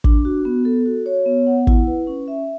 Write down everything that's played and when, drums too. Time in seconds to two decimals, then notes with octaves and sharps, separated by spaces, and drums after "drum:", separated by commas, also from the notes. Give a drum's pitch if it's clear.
0.04 D4, drum: kick
0.25 F#4
0.45 B3
0.65 A4
0.86 F#4
1.06 C#5
1.26 B3
1.47 F#5
1.67 E4, drum: kick
1.87 B4
2.07 C#4
2.28 E5